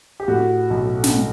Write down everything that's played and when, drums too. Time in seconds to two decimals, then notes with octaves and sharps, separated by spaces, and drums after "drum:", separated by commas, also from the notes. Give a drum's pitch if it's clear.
0.20 G4
0.28 A2 F#4
0.70 B1
1.04 drum: snare